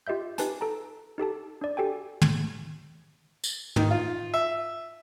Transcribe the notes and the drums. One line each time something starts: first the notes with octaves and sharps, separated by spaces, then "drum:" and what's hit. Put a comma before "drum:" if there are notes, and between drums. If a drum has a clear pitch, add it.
F4 G4 D#5 E5 G6
D#4 G4 B4 G#5 A5, drum: hi-hat
A4 A5 A#5
D#4 G4 A4 A5
D4 D5
F#4 G4 A4 G5 G#5
drum: tom
drum: tambourine
D#3, drum: tom
F4
E5